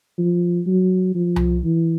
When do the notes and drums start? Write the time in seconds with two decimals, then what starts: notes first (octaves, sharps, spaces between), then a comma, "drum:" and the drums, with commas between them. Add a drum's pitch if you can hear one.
0.18 F3
0.67 F#3
1.15 F3
1.36 drum: tom C2
1.64 E3